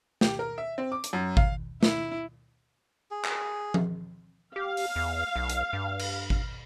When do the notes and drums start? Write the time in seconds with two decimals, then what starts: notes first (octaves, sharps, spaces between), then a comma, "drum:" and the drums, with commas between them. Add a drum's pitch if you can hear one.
0.21 G4, drum: snare
0.39 A#4
0.58 E5
0.78 C4
0.92 D6
1.04 drum: hi-hat
1.13 F#2
1.37 F5, drum: kick G#1
1.83 E4, drum: snare
3.11 G#4
3.25 drum: clap
3.74 drum: tom F3
4.56 G4 F5
4.77 drum: open hi-hat
4.96 E2
5.36 B1
5.50 drum: hi-hat
5.73 G2
5.99 drum: cymbal
6.30 drum: kick G#1